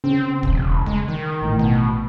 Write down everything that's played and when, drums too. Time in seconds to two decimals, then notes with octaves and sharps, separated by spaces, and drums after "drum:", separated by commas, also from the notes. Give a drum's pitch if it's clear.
0.04 C#3 C4
0.43 E1, drum: kick D1
0.86 G#3
1.08 D#3
1.41 A1 A2
1.59 B2